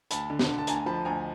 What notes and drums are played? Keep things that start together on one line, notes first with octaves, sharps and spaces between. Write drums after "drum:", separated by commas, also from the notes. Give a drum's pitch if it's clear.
D2 A5 B5, drum: hi-hat
D3
drum: snare
D3
A5
D2 G#5 A#5, drum: hi-hat
F3 A5 B5
D2 G#5 A#5